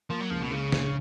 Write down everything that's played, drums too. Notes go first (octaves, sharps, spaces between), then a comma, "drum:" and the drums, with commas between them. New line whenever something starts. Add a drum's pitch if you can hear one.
F3 A#3
F#3
C#2 F3
B2
C#3 G#3
A#1, drum: snare